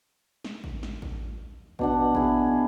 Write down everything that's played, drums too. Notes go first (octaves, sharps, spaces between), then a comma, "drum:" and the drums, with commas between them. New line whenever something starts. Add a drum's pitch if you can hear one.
drum: snare
drum: kick A1
drum: snare
drum: kick A1
B2 D4 F#5, drum: kick A1
E4 G#4, drum: kick A1